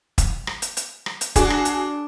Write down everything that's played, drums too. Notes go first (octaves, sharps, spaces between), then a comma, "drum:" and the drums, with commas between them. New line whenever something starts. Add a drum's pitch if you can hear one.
drum: kick, hi-hat
drum: rim click
drum: hi-hat
drum: hi-hat
drum: rim click
drum: hi-hat
D4 F#4 G#4, drum: kick, hi-hat
drum: rim click
drum: hi-hat